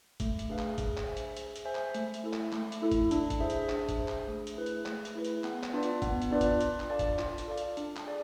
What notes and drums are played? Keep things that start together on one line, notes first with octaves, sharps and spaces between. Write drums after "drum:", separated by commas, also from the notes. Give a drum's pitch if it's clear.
A3, drum: kick, hi-hat
drum: hi-hat
D4 G#4 B4 F5
drum: clap
G#4, drum: kick, hi-hat
drum: clap
C5 E5 G#5
drum: hi-hat
G#4, drum: hi-hat
drum: hi-hat
C5 E5 G#5
drum: clap
A3, drum: hi-hat
drum: hi-hat
E4 A4
drum: clap
A3, drum: clap
drum: hi-hat
E4 A4
drum: kick, hi-hat
D4, drum: hi-hat
drum: kick, hi-hat
G#4 C5 E5
drum: hi-hat
D4, drum: clap
drum: kick, hi-hat
G#4 C5 E5
drum: clap
A3
drum: hi-hat
E4 G#4 B4
drum: hi-hat
A3, drum: clap
drum: hi-hat
E4 G#4 B4
drum: hi-hat
B3, drum: clap
drum: clap
D4 F4 B4 D5
drum: hi-hat
B3, drum: kick, hi-hat
drum: hi-hat
D4 F4 B4 D5
drum: kick, hi-hat
F4, drum: hi-hat
drum: clap
A4 D5 F5 A5
drum: kick, hi-hat
F4, drum: clap
drum: hi-hat
A4 D5 F5 A5
drum: hi-hat
D4, drum: hi-hat
drum: clap
G#4 D5